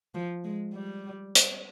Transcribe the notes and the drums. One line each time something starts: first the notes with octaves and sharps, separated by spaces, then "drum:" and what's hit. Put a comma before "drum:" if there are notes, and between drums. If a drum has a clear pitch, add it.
F3
G#3
G3
drum: hi-hat